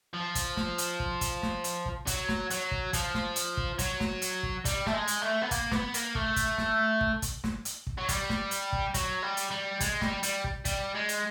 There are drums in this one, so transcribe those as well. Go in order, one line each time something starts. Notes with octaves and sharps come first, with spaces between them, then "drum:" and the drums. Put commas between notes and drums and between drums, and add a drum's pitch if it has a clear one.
F3
drum: kick, hi-hat
drum: snare
drum: hi-hat
drum: kick
drum: kick, hi-hat
drum: snare
drum: hi-hat
drum: kick
F#3, drum: kick, hi-hat
drum: snare
F#3, drum: hi-hat
drum: kick
F3, drum: kick, hi-hat
drum: snare
drum: hi-hat
drum: kick
F#3, drum: kick, hi-hat
drum: snare
drum: hi-hat
drum: kick
G3, drum: kick, hi-hat
A3, drum: snare
G#3
drum: hi-hat
A3
B3
A#3, drum: kick, hi-hat
B3, drum: snare
A#3, drum: hi-hat
A3, drum: kick
drum: kick, hi-hat
drum: snare
drum: kick
drum: kick, hi-hat
drum: snare
drum: hi-hat
drum: kick
F#3
G3, drum: kick, hi-hat
drum: snare
drum: hi-hat
drum: kick
F#3, drum: kick, hi-hat
G3
drum: hi-hat
G3
G#3, drum: kick, hi-hat
G3, drum: snare
G3, drum: hi-hat
drum: kick
G3, drum: kick, hi-hat
G#3
drum: hi-hat